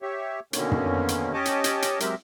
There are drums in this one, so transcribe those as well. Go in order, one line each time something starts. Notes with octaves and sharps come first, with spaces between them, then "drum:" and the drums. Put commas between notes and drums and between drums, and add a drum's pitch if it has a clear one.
G4 C#5 E5
B2 D3 D#3 A#3 C#4, drum: hi-hat
drum: tom
drum: hi-hat
C#4 G4 C#5 D#5 A5 D6
drum: hi-hat
drum: hi-hat
drum: hi-hat
F#3 G#3 C4 G4 A#4 E5, drum: hi-hat